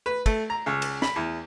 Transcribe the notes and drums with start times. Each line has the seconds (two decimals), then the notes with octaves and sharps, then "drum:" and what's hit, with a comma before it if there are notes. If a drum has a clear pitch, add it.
0.06 B4
0.26 A3, drum: kick, cymbal
0.50 A#5
0.66 C#2
0.82 drum: cymbal
1.02 B5, drum: snare
1.16 E2